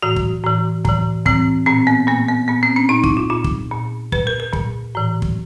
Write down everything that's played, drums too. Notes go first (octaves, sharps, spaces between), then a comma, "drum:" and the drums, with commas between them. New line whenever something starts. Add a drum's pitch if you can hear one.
A2 E3 F#4
drum: kick
A2 E3
A2 E3, drum: kick
A2 E3 C4, drum: kick
A#2 C4
B3
A#2 A#3
B3
A#2 B3
C4
C#4
A#2 D#4
E4, drum: kick
F4
A#2 F4
drum: kick
A#2
A#2 B4, drum: kick
A#4
A#4
A#2, drum: kick
A2 E3
drum: kick